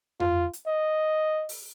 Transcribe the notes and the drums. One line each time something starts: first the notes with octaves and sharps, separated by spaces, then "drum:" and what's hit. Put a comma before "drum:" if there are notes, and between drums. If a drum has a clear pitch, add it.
F4, drum: tom F2
drum: hi-hat
D#5
drum: open hi-hat